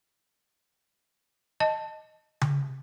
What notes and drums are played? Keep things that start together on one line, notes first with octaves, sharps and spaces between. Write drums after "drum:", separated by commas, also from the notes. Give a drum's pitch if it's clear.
D#5 A5
drum: tom C#3